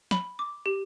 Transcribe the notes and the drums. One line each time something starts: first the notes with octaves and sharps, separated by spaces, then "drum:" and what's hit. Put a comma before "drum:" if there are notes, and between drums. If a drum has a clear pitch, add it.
B5, drum: snare
D6
G4